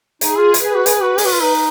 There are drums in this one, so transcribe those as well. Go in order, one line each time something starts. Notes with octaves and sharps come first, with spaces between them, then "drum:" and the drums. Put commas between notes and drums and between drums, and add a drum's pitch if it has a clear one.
D#4 G#4, drum: hi-hat
F4
B4, drum: hi-hat
G#4
F#4
G#4, drum: hi-hat
F#4
G#4 B4, drum: open hi-hat
F#4
F4
D#4